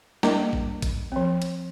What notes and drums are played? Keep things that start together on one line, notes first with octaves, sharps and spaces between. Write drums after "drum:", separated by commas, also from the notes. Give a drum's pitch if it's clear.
G3 A#3 D4 A#4, drum: snare
drum: kick A1
drum: kick A1, hi-hat
F3 C4
drum: hi-hat